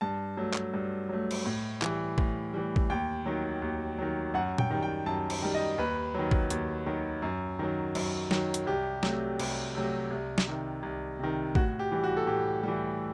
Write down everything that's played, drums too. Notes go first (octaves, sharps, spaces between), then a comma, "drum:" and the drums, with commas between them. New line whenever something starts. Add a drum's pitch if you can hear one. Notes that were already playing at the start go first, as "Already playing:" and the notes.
G2 A5
F#3 A3
drum: clap
G2
F#3 A3
drum: cymbal
A2
E3 G3, drum: clap
A2, drum: kick A1
E3 G3
drum: kick A1
D#2 G5
D#3 F#3
D#2
D#3 F#3
F#2 F#5
G5, drum: tom A#2
D#3 G3
G5
F#2 A5
drum: cymbal
D#3 G3
D#5
D#2 B4
D#3 F#3
drum: kick A1
D#2, drum: hi-hat
D#3 F#3
F#2
D#3 F#3
F#2, drum: cymbal
D#3 F#3, drum: snare
drum: hi-hat
C2 G4
C3 F#3 A3, drum: snare
C2, drum: cymbal
C3 F#3 A3
C2
drum: snare
C3 D#3
C2
C3 D#3
A2 F#4, drum: kick A1
G4
E3 G3
F#4
A4
A2 G4
E3 G3